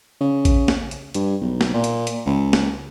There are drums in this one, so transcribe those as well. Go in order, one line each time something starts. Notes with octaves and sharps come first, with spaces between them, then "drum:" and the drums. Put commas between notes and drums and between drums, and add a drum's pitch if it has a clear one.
C#3
drum: kick A1, hi-hat
drum: snare
drum: hi-hat
G2, drum: hi-hat
B1
drum: snare
A#2
drum: hi-hat
drum: hi-hat
C#2
drum: snare